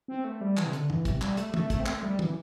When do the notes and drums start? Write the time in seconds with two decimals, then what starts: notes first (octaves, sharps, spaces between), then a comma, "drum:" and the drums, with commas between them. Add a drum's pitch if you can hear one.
0.08 C4
0.24 A3
0.41 G3
0.57 E3, drum: clap
0.65 C3
0.73 D3, drum: hi-hat
0.90 E3, drum: tom
1.05 C3, drum: kick, hi-hat
1.21 G3, drum: clap
1.37 A3, drum: hi-hat
1.54 A3, drum: tom
1.70 A3, drum: kick, hi-hat
1.80 C4
1.86 A3, drum: clap
2.03 G3
2.19 E3, drum: tom